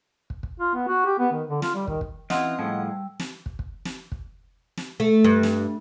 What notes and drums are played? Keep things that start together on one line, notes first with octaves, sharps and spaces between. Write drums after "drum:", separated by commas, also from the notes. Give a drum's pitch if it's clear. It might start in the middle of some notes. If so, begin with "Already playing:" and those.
drum: kick
drum: kick
F4
B3
F#4
G4
B3
D#3
D3
F4, drum: snare
G3
D#3, drum: kick
drum: kick
E3 C4 C#4 F4 D#5 F#5 C6, drum: snare
A2 F3 G3 G#3 G5 E6
drum: snare
drum: kick
drum: kick
drum: snare
drum: kick
drum: snare
A3
G2
drum: snare